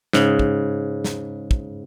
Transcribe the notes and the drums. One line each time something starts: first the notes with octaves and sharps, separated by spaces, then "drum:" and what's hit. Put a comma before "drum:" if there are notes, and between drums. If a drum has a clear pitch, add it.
G#2 C#3, drum: snare
drum: kick
drum: snare
drum: kick